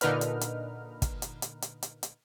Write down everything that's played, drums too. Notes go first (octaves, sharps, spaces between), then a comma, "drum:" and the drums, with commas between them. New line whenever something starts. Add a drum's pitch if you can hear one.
A#2 D3 D#4 A#4 B4 F6, drum: hi-hat
drum: hi-hat
drum: hi-hat
drum: kick, hi-hat
drum: hi-hat
drum: hi-hat
drum: hi-hat
drum: hi-hat
drum: hi-hat